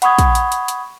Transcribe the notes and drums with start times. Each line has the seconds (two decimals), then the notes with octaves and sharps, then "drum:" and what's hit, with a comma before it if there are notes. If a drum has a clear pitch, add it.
0.02 F#5 B5 C#6 D#6 G#6, drum: hi-hat
0.19 drum: kick, hi-hat
0.35 drum: hi-hat
0.52 drum: hi-hat
0.68 drum: hi-hat